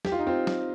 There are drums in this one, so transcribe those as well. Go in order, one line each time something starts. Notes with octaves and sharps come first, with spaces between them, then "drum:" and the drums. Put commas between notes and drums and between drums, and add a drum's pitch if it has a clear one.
G4, drum: snare
F4
D#4
C4 F4
drum: snare